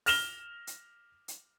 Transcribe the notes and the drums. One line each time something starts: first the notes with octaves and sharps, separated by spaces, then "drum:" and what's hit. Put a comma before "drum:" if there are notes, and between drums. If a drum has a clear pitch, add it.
F6 A#6 E7 F7 G7, drum: open hi-hat
drum: hi-hat
drum: hi-hat